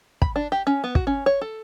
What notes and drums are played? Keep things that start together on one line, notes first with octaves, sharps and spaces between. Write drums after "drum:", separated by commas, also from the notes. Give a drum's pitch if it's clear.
B5, drum: kick
D4
G4
C#4
B3
F#4, drum: kick
C#4
C#5
A4